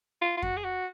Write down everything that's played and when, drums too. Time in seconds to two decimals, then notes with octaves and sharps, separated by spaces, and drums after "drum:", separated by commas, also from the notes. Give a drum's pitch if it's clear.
0.21 F4
0.37 F4
0.42 F#4, drum: kick F2
0.57 G#4
0.64 F#4